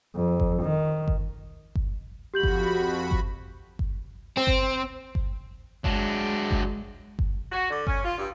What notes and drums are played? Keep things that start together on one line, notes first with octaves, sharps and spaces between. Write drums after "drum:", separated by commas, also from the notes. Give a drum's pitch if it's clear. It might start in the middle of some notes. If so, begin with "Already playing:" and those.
F2
drum: kick G1
D#3
drum: kick G1
drum: kick G1
F2 F#4 G4 B5 G6 F#7
drum: kick G1
drum: kick G1
drum: kick G1
C4
drum: kick G1
drum: kick G1
F#3 G#3 D4, drum: kick G1
drum: kick G1
drum: kick G1
F#4
D3
C#4, drum: kick G1
F4
G2